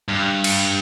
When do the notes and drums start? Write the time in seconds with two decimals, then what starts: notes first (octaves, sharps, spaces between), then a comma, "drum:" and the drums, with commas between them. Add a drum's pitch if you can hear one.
0.09 G2
0.44 drum: cymbal